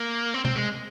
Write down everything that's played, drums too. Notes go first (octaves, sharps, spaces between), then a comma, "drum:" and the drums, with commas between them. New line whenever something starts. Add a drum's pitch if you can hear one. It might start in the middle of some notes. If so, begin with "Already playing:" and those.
Already playing: A#3
C4
C4, drum: tom B2
G#3